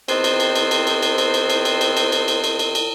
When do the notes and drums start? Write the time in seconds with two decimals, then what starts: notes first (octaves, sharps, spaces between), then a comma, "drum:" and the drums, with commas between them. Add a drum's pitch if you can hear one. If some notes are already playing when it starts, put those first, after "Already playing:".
0.08 E2 D#3 C4 C5, drum: cymbal
0.24 drum: cymbal
0.40 drum: cymbal
0.55 drum: cymbal
0.71 drum: cymbal
0.87 drum: cymbal
1.02 drum: cymbal
1.18 drum: cymbal
1.34 drum: cymbal
1.50 drum: cymbal
1.65 drum: cymbal
1.81 drum: cymbal
1.97 drum: cymbal
2.12 drum: cymbal
2.28 drum: cymbal
2.44 drum: cymbal
2.59 drum: cymbal
2.75 drum: cymbal